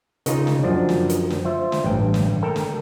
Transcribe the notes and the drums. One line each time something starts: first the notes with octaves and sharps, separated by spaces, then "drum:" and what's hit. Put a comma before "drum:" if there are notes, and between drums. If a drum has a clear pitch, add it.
C#3 D#4 F4, drum: hi-hat
drum: snare
F#2 F3 D4
drum: snare
drum: hi-hat
drum: snare
F4 C5 E5
drum: snare
A1 G2 G5
drum: snare
A4 A#4 G5
drum: snare